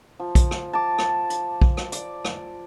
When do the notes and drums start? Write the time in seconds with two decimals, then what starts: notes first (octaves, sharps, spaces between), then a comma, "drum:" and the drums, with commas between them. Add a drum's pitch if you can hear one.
0.20 F3
0.35 drum: kick, hi-hat
0.51 drum: rim click
0.73 A5 D6
0.98 drum: rim click
1.30 drum: hi-hat
1.62 drum: kick
1.77 drum: rim click
1.92 D5, drum: hi-hat
2.25 drum: rim click